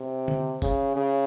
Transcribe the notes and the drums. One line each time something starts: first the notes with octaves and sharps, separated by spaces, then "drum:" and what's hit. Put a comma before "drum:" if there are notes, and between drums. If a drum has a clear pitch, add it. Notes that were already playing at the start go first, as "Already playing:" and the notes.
Already playing: C3
drum: tom D3
C#3, drum: kick F#1, tambourine
C#3